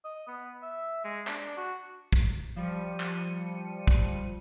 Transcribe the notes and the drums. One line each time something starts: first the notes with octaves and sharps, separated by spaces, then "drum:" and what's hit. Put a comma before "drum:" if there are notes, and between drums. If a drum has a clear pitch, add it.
D#5
B3
E5
G#3
D4, drum: clap
F#4
drum: kick
F3 G3 C#7 D#7
drum: clap
drum: kick